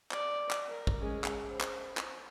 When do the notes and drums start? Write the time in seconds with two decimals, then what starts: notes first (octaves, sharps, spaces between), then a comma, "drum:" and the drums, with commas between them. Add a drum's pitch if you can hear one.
0.11 D5, drum: clap
0.51 drum: clap
0.69 A#4
0.87 drum: kick
1.00 G#3 C#4
1.24 drum: clap
1.46 C5
1.61 drum: clap
1.97 drum: clap